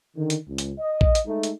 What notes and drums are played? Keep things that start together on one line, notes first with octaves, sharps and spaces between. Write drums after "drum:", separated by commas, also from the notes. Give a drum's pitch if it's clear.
D3 D#3
drum: hi-hat
C#2
drum: hi-hat
D#5
drum: kick
drum: hi-hat
G#3 A3 D#4
drum: hi-hat